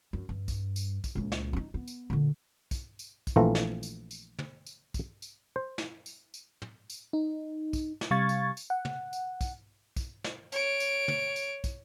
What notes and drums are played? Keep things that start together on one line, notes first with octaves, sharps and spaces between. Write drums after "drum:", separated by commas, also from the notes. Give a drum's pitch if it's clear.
F#2
G2
drum: kick, tambourine
drum: tambourine
drum: kick, tambourine
C#2 A#2
drum: snare
D4 D#4
B3
drum: tambourine
A#2 D3
drum: kick, tambourine
drum: tambourine
drum: kick, tambourine
A#1 E3 A3 C4 F4 A#5
drum: snare
drum: tambourine
drum: tambourine
drum: tom
drum: tambourine
drum: kick, tambourine
drum: tambourine
C5
drum: snare
drum: tambourine
drum: tambourine
drum: tom
drum: tambourine
D#4
drum: kick, tambourine
drum: snare
C3 G3 F5 C#6 G#6 A6
drum: tambourine
drum: tambourine
F#5
drum: tom
drum: tambourine
drum: kick, tambourine
drum: kick, tambourine
drum: snare
C#5 D7, drum: tambourine
drum: tambourine
drum: tom
drum: tambourine
drum: kick, tambourine